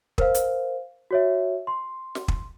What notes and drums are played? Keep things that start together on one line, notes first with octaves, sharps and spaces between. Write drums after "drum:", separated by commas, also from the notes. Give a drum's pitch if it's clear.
A#4 C5 F5, drum: kick
drum: hi-hat
F#4 C#5 E5
C6
drum: snare
drum: kick